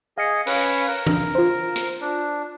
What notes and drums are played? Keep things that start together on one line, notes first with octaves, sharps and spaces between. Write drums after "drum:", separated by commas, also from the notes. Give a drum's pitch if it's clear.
G#4 D#5 F5 C#7
C#4 B4, drum: open hi-hat
A#4
drum: tom
F4 C5
drum: hi-hat
D4